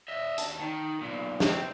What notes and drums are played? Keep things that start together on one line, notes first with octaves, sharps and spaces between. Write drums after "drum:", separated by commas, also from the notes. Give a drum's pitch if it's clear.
D#5 E5
D#2 A5, drum: hi-hat
D#3
B1 A#2
C4, drum: snare